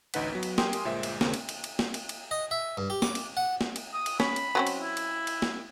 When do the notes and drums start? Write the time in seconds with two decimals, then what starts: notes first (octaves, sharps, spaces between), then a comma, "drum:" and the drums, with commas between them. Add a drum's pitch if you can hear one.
0.14 A1 D2 D#4 B4 F#5 B6, drum: cymbal
0.32 F#3 B3
0.43 drum: cymbal
0.58 G4 A#4 G5 G#5 C6 D#6, drum: snare
0.73 drum: cymbal
0.85 G1 A#2 G#3 C5 E5
1.03 drum: cymbal
1.21 D#2 C#3 A#3 C4, drum: snare
1.34 drum: cymbal
1.49 drum: cymbal
1.64 drum: cymbal
1.79 drum: snare
1.94 drum: cymbal
2.09 drum: cymbal
2.31 D#5
2.51 E5
2.77 G2
2.90 G4
3.02 D6, drum: snare
3.15 drum: cymbal
3.37 F#5
3.61 drum: snare
3.76 drum: cymbal
3.94 D#6
4.06 drum: cymbal
4.20 C#4 B5, drum: snare
4.36 drum: cymbal
4.55 F#3 C4 C#4
4.67 drum: cymbal
4.78 E4
4.97 drum: cymbal
5.27 drum: cymbal
5.42 drum: snare